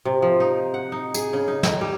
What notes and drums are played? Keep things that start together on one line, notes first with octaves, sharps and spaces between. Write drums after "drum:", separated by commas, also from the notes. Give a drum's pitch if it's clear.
C3
F3
D#4
F#5
D#4
G#4, drum: tambourine
C#3
D#4
drum: snare
G3